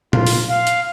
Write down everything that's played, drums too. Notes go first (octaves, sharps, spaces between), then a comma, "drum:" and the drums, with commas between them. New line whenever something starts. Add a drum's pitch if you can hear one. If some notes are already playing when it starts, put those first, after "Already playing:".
F4, drum: tom A#2
drum: open hi-hat
F5
drum: hi-hat